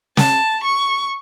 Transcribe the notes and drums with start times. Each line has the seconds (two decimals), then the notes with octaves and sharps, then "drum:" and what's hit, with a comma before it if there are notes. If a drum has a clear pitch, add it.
0.17 A5, drum: snare
0.64 C#6